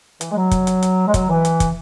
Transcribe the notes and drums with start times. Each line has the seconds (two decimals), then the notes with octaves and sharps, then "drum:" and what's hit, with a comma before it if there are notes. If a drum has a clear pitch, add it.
0.21 E3, drum: hi-hat
0.31 G#3
0.36 F#3
0.51 drum: kick, hi-hat
0.67 drum: hi-hat
0.83 drum: hi-hat
1.07 G#3
1.14 F#3, drum: kick, hi-hat
1.29 E3
1.45 drum: hi-hat
1.60 drum: kick, hi-hat